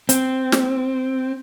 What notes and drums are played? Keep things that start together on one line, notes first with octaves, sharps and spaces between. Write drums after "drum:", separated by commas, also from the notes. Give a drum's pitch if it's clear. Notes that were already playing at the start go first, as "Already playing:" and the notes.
C4, drum: hi-hat
drum: snare